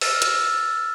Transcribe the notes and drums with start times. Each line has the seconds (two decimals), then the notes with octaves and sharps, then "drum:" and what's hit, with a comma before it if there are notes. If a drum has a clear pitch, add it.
0.01 E6 F6 A6 A#6, drum: open hi-hat
0.22 drum: hi-hat